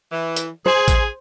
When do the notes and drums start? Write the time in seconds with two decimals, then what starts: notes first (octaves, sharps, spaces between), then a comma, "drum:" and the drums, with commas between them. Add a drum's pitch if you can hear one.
0.11 E3
0.36 drum: hi-hat
0.66 G#4 C5
0.88 drum: kick A1, hi-hat